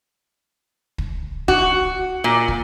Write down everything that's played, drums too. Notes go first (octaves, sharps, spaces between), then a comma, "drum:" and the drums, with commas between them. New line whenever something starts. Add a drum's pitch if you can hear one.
drum: kick
F#4, drum: kick
A#2
drum: kick